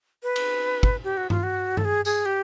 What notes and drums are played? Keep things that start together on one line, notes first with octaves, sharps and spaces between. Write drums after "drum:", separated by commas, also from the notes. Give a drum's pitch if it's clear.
B4
drum: cymbal
drum: kick
G4
F#4
F4, drum: tom G2
F#4
A4, drum: tom G2
G#4
G#4, drum: tambourine
G4